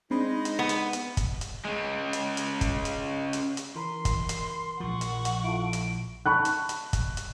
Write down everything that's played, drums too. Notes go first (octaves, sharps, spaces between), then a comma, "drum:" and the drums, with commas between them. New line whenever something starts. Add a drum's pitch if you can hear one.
G#3 C4 D4 D#4 B5
drum: hi-hat
B3
drum: hi-hat
drum: hi-hat
drum: kick, hi-hat
drum: hi-hat
C#3 G#3
drum: hi-hat
drum: hi-hat
drum: kick, hi-hat
drum: hi-hat
drum: hi-hat
drum: hi-hat
E3 A#4 B5 C6
drum: kick, hi-hat
drum: hi-hat
A#1 F3 F#5 C#6
drum: hi-hat
drum: hi-hat
E4 F4 A4 D7
drum: hi-hat
A5 B5 C#6 F#6
drum: hi-hat
drum: hi-hat
drum: kick, hi-hat
drum: hi-hat